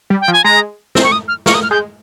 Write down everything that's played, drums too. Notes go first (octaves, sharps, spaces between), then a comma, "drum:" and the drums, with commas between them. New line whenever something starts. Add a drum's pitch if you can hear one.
G3
G5
F3
G#5
G#3 A#5
C4, drum: snare
C#6
D#6
F6
A#3 C#6, drum: snare
D#6
F6
G#3 G6